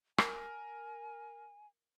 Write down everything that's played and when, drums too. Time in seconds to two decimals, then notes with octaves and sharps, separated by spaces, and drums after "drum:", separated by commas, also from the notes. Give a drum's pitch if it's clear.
0.18 A#4 G#5, drum: rim click